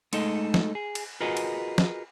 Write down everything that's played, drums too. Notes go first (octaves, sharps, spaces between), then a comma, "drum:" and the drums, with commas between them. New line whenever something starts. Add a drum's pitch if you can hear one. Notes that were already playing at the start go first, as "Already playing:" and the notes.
G#3 A3 D#4 A4 D#5, drum: cymbal
drum: snare
G#4
drum: cymbal
F4 F#4 G#4 A#4 B4 D#5
drum: cymbal
drum: snare